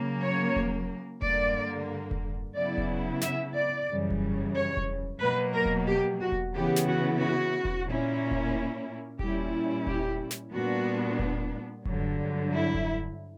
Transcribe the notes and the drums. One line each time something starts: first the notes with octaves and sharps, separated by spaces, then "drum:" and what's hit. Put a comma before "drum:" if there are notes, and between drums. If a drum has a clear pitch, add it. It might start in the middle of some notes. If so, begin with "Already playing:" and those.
Already playing: C#3 F#3 A#3
C#5
drum: kick E1
G2 D3 A#3 D5, drum: kick E1
drum: kick E1
C#3 F#3 B3 E4 D5
drum: kick E1
E5, drum: snare
D5
F#2 C#3 E3 G3
drum: kick E1
C#5
drum: kick E1
B2 F#3 A#3 B4
A#4
drum: kick E1
G4
F#4
drum: kick E1
C#3 E3 B3 E4 G4
drum: snare
F#4
F#4
drum: kick E1
A#2 A#3 C#4 E4
drum: kick E1
A#2 G3 C#4 E4 G4, drum: kick E1
G4, drum: kick E1
drum: snare
A#2 G3 B3 D4 F#4
drum: kick E1
G2 D3 F#3, drum: kick E1
E4
drum: kick E1